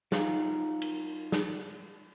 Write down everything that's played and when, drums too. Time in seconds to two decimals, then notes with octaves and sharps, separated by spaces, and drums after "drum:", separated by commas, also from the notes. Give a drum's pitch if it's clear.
0.12 F#3 D#4 F4 F5, drum: snare
0.82 drum: cymbal
1.32 drum: snare